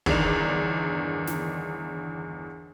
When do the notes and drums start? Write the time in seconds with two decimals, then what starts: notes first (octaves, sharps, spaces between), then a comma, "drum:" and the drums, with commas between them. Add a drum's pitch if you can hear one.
0.06 G1 E2 D#3 D4 A#5 F7, drum: kick
1.27 drum: snare